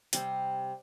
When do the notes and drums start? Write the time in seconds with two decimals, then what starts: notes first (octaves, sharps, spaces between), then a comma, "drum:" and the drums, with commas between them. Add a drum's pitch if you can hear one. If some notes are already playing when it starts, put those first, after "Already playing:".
0.13 C3 G3 C4, drum: hi-hat